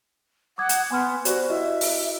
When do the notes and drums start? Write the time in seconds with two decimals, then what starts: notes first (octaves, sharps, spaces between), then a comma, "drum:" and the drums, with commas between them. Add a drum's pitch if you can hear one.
0.58 F#5 D6 D#6 G#6
0.69 drum: hi-hat
0.91 B3 G#5 C6 F6
1.25 F#4 G4 C5 D5, drum: hi-hat
1.50 E4 F#4 D#5 E5
1.81 drum: open hi-hat